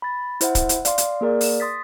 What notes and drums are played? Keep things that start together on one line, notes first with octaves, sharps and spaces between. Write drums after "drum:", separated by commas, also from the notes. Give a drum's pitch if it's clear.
B5 A6
E4 C5 E5 F#5, drum: hi-hat
drum: kick C#1, hi-hat
drum: hi-hat
D5 F5 C6, drum: hi-hat
drum: hi-hat
A#3 G#4 A#4 D5
drum: open hi-hat
C6 D#6 A6 B6